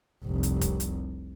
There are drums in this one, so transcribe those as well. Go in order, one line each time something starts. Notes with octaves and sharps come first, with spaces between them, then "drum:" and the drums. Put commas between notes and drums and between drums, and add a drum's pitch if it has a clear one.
F1 C2
drum: hi-hat
drum: kick, hi-hat
drum: hi-hat